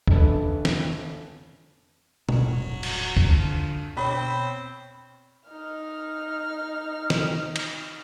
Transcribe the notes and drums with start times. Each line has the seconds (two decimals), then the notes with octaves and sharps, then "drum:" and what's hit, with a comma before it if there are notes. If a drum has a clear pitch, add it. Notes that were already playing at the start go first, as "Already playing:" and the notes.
0.08 F1 F2 D3 C#4 A4 B4, drum: kick C2
0.65 drum: snare
2.29 D#1 A1 G2 F#3, drum: tom B2
2.83 drum: cymbal
3.17 drum: kick C2
3.29 D3 F3
3.97 B2 C4 C#5 B5
5.48 D#4 F6
7.10 drum: snare
7.56 drum: cymbal